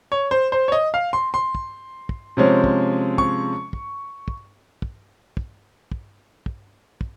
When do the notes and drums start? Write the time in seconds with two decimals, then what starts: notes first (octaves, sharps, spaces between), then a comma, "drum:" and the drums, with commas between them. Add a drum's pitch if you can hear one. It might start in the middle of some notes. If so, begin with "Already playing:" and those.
0.12 C#5
0.31 C5
0.52 C5
0.68 C#5
0.72 D#5
0.94 F5
1.13 C6
1.34 C6
1.55 drum: kick
2.09 drum: kick
2.37 C3 F3 G#3 C#4
2.64 drum: kick
3.18 C#6, drum: kick
3.73 drum: kick
4.28 drum: kick
4.82 drum: kick
5.37 drum: kick
5.92 drum: kick
6.46 drum: kick
7.01 drum: kick